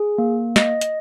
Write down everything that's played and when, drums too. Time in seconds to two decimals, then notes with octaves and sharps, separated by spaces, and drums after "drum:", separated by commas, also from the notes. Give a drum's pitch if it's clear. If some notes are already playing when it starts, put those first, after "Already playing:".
Already playing: G#4
0.18 A#3
0.56 D#5, drum: snare
0.81 drum: hi-hat